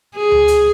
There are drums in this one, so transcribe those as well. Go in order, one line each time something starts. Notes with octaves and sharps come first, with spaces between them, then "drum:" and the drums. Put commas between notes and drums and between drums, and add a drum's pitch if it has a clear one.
G#4
drum: tom D2
drum: hi-hat